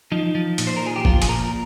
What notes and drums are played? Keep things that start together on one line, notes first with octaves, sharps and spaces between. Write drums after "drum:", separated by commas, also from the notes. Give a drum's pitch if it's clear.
F3 D#4
F3
A#2, drum: hi-hat
C5
A#4
F3 G#4
G4
F3 F4, drum: kick
G#4, drum: hi-hat
A#2 A#4